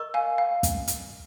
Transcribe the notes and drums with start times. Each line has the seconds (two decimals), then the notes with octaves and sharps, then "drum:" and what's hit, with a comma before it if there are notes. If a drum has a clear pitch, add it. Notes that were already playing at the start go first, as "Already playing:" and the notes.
Already playing: A#4 D#5 A#5 C#6
0.14 F5 G#5
0.38 F5
0.63 drum: kick, hi-hat
0.88 drum: hi-hat